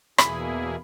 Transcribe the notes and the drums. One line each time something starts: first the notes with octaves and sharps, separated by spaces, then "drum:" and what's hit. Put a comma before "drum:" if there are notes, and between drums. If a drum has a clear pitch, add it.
E2 B2 A#3 E4 G#4 B5 B6, drum: rim click